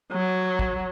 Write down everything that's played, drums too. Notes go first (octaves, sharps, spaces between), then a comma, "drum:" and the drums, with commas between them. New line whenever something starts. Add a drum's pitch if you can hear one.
F#3
drum: kick